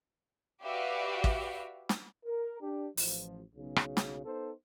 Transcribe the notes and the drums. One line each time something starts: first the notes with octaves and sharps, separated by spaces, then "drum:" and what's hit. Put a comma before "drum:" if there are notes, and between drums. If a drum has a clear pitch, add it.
F#4 G4 B4 D5 E5 F5
drum: kick
drum: snare
A#4
D4 G4
A1 F3, drum: open hi-hat
B1 C#3
drum: rim click
drum: snare
B3 D#4 A4 C5